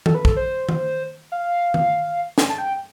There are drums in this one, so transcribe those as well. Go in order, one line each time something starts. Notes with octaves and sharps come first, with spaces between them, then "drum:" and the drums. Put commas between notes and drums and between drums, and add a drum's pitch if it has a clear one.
A4, drum: tom D#3
B4
A4, drum: kick
C5
drum: tom D#3
F5
drum: tom D#3
drum: snare
A5
G5